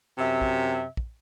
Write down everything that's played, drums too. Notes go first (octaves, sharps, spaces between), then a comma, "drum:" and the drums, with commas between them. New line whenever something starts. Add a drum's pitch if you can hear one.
F#2 C3 E5
drum: kick
drum: kick